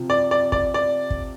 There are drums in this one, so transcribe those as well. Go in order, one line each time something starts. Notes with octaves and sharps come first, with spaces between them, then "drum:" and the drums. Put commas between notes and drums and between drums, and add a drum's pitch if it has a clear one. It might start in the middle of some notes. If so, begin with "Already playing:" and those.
Already playing: C3 F3
D5
D5
D5, drum: kick
D5
drum: kick